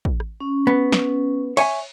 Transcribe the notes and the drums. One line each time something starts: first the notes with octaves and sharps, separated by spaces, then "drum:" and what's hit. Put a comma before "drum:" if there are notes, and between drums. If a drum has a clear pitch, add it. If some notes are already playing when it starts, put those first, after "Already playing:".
drum: kick
drum: rim click
C#4
B3
drum: snare
C#5 E5 G#5, drum: cymbal